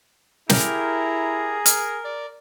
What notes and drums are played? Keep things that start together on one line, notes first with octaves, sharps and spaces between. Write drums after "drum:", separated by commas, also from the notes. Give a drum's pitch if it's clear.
E4 G4 G#4 A#4 A#5, drum: snare
A#4, drum: hi-hat
D5